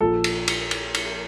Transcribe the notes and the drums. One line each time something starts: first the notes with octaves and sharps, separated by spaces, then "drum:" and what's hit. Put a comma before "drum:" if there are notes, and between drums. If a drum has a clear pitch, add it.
A#1 A#2 F3 A4
drum: cymbal
drum: cymbal
drum: cymbal
drum: cymbal